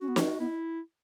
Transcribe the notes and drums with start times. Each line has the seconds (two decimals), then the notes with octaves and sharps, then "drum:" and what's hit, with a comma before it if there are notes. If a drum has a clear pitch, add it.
0.01 C#4 F#4
0.08 B3
0.16 C#4, drum: snare
0.39 B3 E4